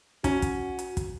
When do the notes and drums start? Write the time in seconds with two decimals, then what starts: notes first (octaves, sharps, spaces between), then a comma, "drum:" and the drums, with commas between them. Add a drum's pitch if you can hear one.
0.24 C#4 F#4, drum: kick, hi-hat
0.42 drum: kick, hi-hat
0.79 drum: hi-hat
0.97 drum: kick, hi-hat